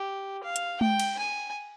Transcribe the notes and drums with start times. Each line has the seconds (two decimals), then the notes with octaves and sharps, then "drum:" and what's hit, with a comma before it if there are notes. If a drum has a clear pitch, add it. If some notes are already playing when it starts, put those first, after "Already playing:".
Already playing: G4
0.43 F5
0.56 drum: hi-hat
0.81 G5, drum: tom G#3
1.00 drum: cymbal
1.18 G#5